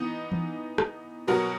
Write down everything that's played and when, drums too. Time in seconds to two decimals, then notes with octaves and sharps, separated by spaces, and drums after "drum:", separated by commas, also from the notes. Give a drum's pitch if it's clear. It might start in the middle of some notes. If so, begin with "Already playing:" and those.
Already playing: E3 B3 D#4
0.32 drum: tom E3
0.78 drum: rim click
1.27 B2 F#3 B3 F#4 A#4